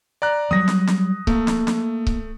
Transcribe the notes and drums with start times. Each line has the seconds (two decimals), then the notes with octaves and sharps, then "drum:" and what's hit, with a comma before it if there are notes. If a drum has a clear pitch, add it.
0.22 D5 A#5 F#6
0.51 F#3 G3 D#6 A#6
0.68 drum: snare
0.87 drum: snare
1.27 A3 A#3, drum: kick C#1
1.47 drum: snare
1.67 drum: snare
2.07 drum: kick C#1